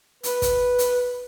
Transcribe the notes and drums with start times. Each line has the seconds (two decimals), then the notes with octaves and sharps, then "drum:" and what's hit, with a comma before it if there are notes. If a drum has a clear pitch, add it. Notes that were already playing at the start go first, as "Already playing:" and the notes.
0.23 B4, drum: hi-hat
0.42 drum: kick, hi-hat
0.78 drum: hi-hat